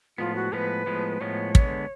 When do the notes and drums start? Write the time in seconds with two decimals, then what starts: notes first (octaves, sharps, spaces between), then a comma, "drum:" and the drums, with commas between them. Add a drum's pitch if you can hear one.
0.18 A2 F3 G#3 B3 F4
0.35 F#4
0.52 A2 F3 G#3 B3 B4
0.86 A2 F3 G#3 B3
1.21 A2 F3 G#3 B3 C#5
1.55 D3 G#3 B3, drum: kick